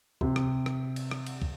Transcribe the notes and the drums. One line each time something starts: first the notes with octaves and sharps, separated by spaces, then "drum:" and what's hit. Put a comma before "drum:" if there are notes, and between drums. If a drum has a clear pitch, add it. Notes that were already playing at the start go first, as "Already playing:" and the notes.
C3, drum: kick
drum: rim click
drum: rim click
drum: cymbal
drum: rim click
drum: cymbal
drum: kick